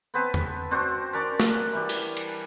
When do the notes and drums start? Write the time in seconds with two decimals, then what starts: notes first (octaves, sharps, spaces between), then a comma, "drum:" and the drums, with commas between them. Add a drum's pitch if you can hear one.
0.14 B3 C4 B4 A5
0.34 drum: tom E2
0.71 C4 D4 F#4 C5
1.13 C#4 D4 A#4 D5
1.40 drum: snare
1.73 E3 G3
1.89 drum: open hi-hat
2.17 drum: cymbal